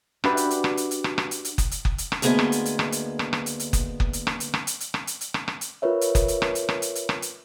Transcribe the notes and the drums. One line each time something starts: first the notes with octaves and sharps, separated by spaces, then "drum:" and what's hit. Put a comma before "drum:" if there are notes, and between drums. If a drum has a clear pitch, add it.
D4 F#4 G4 B4 E5 B5, drum: rim click
drum: hi-hat
drum: hi-hat
drum: rim click
drum: hi-hat
drum: hi-hat
drum: rim click
drum: rim click
drum: hi-hat
drum: hi-hat
drum: kick F#1, hi-hat
drum: hi-hat
drum: kick F#1
drum: hi-hat
drum: rim click
D2 A#3 B3 G#4 C5 D#5, drum: hi-hat
drum: rim click
drum: hi-hat
drum: hi-hat
drum: rim click
drum: hi-hat
drum: rim click
drum: rim click
drum: hi-hat
drum: hi-hat
drum: kick F#1, hi-hat
drum: kick F#1
drum: hi-hat
drum: rim click
drum: hi-hat
drum: rim click
drum: hi-hat
drum: hi-hat
drum: rim click
drum: hi-hat
drum: hi-hat
drum: rim click
drum: rim click
drum: hi-hat
F4 A#4 B4 C#5 E5
drum: hi-hat
drum: kick F#1, hi-hat
drum: hi-hat
drum: rim click
drum: hi-hat
drum: rim click
drum: hi-hat
drum: hi-hat
drum: rim click
drum: hi-hat